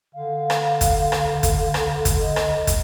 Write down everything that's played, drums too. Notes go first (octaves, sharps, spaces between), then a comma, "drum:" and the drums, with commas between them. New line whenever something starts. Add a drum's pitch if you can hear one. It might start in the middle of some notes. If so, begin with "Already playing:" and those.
D3 F5
drum: rim click
drum: kick, hi-hat
drum: rim click
drum: kick, hi-hat
drum: rim click
drum: kick, hi-hat
D#5
drum: rim click
drum: kick, hi-hat